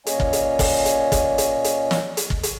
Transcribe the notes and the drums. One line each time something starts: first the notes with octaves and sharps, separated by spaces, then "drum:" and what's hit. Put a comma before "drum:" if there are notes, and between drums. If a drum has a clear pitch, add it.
A#2 A#3 C#4 C#5 D#5 G#5, drum: hi-hat
drum: kick
drum: hi-hat
drum: kick, open hi-hat
drum: hi-hat
drum: kick, hi-hat
drum: hi-hat
drum: hi-hat
drum: snare
drum: hi-hat
drum: kick
drum: hi-hat